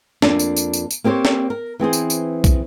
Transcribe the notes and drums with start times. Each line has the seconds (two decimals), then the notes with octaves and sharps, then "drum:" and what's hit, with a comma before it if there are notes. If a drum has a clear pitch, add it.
0.22 F2 A#3 D4, drum: snare
0.39 drum: tambourine
0.56 drum: tambourine
0.74 drum: tambourine
0.91 drum: tambourine
1.04 A#3 C4 G4 C5 C#5
1.25 drum: snare
1.50 A#4
1.79 E3 C4 G#4 C5
1.93 drum: tambourine
2.10 drum: tambourine
2.44 drum: kick, tambourine